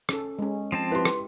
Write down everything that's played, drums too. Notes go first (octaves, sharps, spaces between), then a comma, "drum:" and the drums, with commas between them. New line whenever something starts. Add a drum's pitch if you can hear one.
C#4 A4, drum: rim click
G#3 C#4
F3 C4 A5
E4 G4 B4 C6
drum: rim click